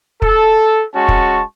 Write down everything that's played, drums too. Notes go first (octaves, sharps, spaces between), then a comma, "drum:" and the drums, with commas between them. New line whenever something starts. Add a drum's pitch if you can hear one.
A4, drum: kick
G#3 C#4 F#4 A5 C#6
drum: kick